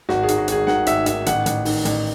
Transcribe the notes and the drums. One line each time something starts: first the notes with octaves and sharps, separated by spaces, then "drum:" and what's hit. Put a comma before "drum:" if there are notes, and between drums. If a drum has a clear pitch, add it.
G#1 F#4, drum: snare
G#4
G#2, drum: hi-hat
F#4
G#1 G#4, drum: hi-hat
D#3 F#5, drum: snare
G#1 E5, drum: hi-hat
D#3 E5, drum: hi-hat
A1 F#5, drum: hi-hat
A1, drum: hi-hat
D#3, drum: open hi-hat
A1, drum: hi-hat